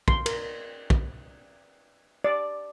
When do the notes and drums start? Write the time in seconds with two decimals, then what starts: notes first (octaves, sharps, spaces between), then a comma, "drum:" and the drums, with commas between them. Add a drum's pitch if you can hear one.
0.08 C6, drum: kick
0.26 A#4, drum: cymbal
0.90 drum: kick
2.24 D5